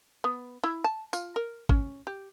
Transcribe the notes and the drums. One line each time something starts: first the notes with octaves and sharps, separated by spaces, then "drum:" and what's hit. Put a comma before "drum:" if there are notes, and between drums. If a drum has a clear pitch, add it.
B3
E4
A5
F4, drum: tambourine
A#4
C#4, drum: kick G#1
G4